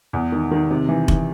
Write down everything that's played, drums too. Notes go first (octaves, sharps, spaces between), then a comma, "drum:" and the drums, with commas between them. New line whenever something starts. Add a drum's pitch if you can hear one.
E2
D#3
D#3
C3
E3
E3, drum: kick F1